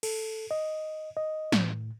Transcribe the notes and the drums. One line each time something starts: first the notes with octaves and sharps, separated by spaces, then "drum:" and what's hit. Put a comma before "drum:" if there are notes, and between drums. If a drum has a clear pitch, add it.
A4, drum: cymbal
D#5
D#5
A2, drum: snare